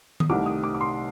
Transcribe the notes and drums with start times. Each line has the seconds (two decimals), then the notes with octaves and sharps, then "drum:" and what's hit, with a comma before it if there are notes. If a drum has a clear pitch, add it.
0.20 D#6, drum: tom D#3
0.29 C2 C3 D#3 A3 D6
0.46 D#6
0.64 D6
0.75 D6
0.81 C6